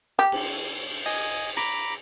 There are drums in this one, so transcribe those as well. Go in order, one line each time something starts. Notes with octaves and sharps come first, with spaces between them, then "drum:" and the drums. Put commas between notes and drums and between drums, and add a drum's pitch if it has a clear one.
G4
drum: cymbal
D#5 G#5, drum: open hi-hat
A#5 B5 D6, drum: hi-hat